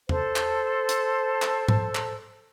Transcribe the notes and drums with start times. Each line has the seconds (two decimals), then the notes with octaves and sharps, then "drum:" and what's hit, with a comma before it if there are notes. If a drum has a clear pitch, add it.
0.09 A4 C5 A5, drum: tom E2
0.36 drum: clap
0.89 drum: hi-hat
1.42 drum: clap
1.68 drum: tom G#2
1.95 drum: clap